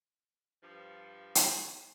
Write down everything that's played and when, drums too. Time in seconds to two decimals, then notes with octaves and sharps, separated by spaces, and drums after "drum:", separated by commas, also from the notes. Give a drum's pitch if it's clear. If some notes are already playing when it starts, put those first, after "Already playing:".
0.62 G2 F3
1.35 drum: hi-hat